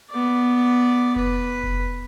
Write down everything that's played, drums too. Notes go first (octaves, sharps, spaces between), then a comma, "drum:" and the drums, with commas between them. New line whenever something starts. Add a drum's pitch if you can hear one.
B3 D5
B4, drum: kick F1
drum: kick F1